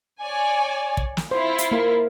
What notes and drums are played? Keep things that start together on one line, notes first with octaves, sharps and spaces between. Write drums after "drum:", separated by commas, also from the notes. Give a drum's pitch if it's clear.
C#5 D5 G#5
drum: kick
drum: snare
E4 F4 C5
drum: hi-hat
A#3 A#4